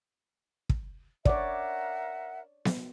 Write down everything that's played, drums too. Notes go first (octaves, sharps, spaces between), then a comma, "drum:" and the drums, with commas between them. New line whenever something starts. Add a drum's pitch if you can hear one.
drum: kick
A#4 C#5 D5 E5 F#5, drum: kick
drum: snare B3